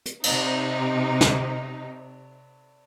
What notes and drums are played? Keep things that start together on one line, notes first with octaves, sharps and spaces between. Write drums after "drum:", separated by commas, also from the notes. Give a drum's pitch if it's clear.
drum: hi-hat
C3 D#4, drum: cymbal
drum: snare